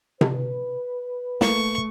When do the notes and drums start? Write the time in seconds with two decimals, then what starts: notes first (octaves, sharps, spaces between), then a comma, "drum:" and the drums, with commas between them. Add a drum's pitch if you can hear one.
0.21 B4, drum: tom C3
1.41 A3 A#3 C#6, drum: snare